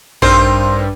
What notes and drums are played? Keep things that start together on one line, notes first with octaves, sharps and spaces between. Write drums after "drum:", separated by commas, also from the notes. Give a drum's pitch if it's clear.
G2 C4 D#4 A#4 C5, drum: kick A#1